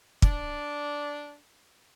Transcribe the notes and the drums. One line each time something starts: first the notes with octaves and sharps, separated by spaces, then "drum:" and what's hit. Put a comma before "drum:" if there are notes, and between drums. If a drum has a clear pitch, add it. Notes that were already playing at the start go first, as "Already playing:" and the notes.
D4 D5, drum: kick